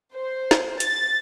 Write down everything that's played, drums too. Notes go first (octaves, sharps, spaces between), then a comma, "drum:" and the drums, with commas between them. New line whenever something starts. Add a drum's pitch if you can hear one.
C5
drum: snare
A6, drum: hi-hat